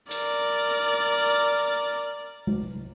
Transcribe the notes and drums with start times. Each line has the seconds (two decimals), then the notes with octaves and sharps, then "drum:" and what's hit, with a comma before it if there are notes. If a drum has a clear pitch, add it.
0.11 A#4 D5, drum: hi-hat
2.47 drum: tom G#3